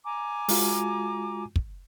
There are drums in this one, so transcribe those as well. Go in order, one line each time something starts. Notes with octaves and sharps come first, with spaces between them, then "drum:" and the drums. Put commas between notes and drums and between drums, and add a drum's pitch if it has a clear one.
G#5 A#5 D6
G#3 F4 F#4, drum: open hi-hat
drum: kick